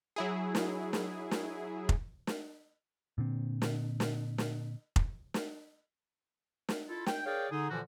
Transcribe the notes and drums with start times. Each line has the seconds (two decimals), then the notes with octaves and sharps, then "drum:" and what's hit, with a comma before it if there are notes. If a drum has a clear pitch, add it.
0.16 F#3 E4 G#4
0.55 drum: snare
0.93 drum: snare
1.31 drum: snare
1.89 drum: kick
2.27 drum: snare
3.18 A#2 D3 C4
3.62 drum: snare
4.00 drum: snare
4.38 drum: snare
4.96 drum: kick
5.34 drum: snare
6.69 drum: snare
6.89 E4 F4 A4
7.06 G5, drum: snare
7.26 G#4 A#4 C#5 D5 F5 G5
7.51 D3 D#4 G#4
7.71 A#2 D3 E3 F3 G3 F#4